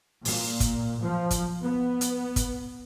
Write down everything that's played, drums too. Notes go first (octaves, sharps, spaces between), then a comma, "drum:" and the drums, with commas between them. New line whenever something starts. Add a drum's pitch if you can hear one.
A#2, drum: open hi-hat
drum: kick G1, hi-hat
F3
drum: kick G1, hi-hat
B3
drum: hi-hat
drum: kick G1, hi-hat